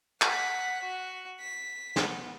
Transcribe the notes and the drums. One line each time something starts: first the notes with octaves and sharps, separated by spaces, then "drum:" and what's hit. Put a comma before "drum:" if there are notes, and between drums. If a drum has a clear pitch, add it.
F#5 B6, drum: clap
F#4
B6
B3, drum: snare